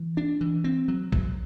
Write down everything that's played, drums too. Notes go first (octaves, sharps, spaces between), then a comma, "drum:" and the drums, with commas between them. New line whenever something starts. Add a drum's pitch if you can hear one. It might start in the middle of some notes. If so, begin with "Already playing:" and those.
Already playing: E3
D4
E3
C4
F#3
F#3, drum: kick A#1